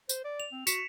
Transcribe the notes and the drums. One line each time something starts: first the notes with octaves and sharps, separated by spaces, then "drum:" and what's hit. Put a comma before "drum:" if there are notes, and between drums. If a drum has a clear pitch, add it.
C5, drum: tambourine
D5
F7
C4
F#4 B6 C#7 E7, drum: tambourine